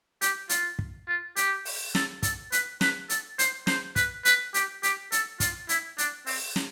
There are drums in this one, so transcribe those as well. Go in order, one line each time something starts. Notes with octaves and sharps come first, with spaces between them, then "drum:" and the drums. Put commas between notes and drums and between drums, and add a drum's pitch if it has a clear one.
G4, drum: hi-hat
F4, drum: hi-hat
drum: kick
F4
G4, drum: hi-hat
drum: open hi-hat
A4, drum: snare
A4, drum: kick, hi-hat
B4, drum: hi-hat
B4, drum: snare
A4, drum: hi-hat
C5, drum: hi-hat
C5, drum: snare
B4, drum: kick, hi-hat
B4, drum: hi-hat
G4, drum: hi-hat
G4, drum: hi-hat
A4, drum: hi-hat
F4, drum: kick, hi-hat
E4, drum: hi-hat
D4, drum: hi-hat
C4, drum: open hi-hat
drum: snare